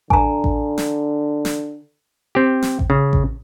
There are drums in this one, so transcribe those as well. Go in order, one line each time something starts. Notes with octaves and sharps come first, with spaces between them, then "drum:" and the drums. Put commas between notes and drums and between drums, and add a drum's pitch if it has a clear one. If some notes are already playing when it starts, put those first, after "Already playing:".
D3 G#5 A#5, drum: kick A1
drum: kick A1
drum: snare
drum: snare
C4 G4
drum: snare
drum: kick A1
C#3
drum: kick A1